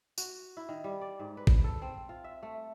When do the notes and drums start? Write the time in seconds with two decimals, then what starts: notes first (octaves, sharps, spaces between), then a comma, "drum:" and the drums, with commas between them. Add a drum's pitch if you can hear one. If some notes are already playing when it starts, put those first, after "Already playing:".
0.18 F#4, drum: tambourine
0.57 E4
0.69 D#3
0.84 G3
1.01 D5
1.19 G#2
1.37 B4
1.47 drum: kick
1.64 A4
1.82 C4
2.09 F4
2.24 E5
2.43 A3